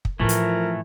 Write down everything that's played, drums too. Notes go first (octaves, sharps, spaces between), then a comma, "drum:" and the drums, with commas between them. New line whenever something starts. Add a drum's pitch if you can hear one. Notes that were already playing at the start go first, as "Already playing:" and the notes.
drum: kick
A2 E3 F3 A3 C#4 A#4
drum: hi-hat